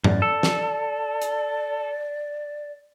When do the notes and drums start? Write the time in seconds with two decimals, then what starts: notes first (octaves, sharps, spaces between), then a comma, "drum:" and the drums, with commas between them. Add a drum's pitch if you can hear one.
0.04 F#2 D5, drum: tom G#2
0.22 A4
0.43 drum: snare
1.22 drum: hi-hat